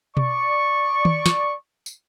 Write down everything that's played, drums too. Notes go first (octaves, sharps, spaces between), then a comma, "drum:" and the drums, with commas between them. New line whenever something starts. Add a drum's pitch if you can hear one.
D5 C#6, drum: tom B2
drum: tom D#3
drum: snare
drum: tambourine